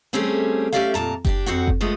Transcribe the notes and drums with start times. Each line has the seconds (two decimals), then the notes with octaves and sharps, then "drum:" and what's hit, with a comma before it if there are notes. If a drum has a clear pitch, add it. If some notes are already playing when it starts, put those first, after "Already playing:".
0.13 G3 A3 C4 C#4 G4 G#4
0.73 A3 C#4 G4 D5 E5 F5
0.94 F2 A#2 A5 A#5
1.25 D4 D#4 G4, drum: kick F#1
1.46 F2 C4 F#4 F#5
1.67 drum: kick F#1
1.81 F3 G#3 A3 B3